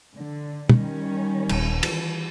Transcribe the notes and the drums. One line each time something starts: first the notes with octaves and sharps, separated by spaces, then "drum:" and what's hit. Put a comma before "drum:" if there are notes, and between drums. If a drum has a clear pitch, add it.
D3
D#3 G3 C#4, drum: tom
D#1, drum: cymbal
E3, drum: cymbal